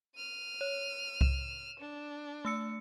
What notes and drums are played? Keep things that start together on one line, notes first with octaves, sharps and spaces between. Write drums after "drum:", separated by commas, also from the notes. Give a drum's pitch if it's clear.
F6 D#7
C#5
E7, drum: kick C2
D4
A3 E6 C#7